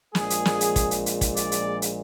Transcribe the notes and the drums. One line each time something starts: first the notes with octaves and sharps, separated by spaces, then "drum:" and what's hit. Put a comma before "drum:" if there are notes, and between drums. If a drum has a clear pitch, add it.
A#1 A#2 G#3 G#4, drum: snare
drum: hi-hat
drum: snare
drum: hi-hat
drum: kick, hi-hat
drum: hi-hat
drum: hi-hat
drum: kick, hi-hat
D5, drum: hi-hat
drum: hi-hat
drum: hi-hat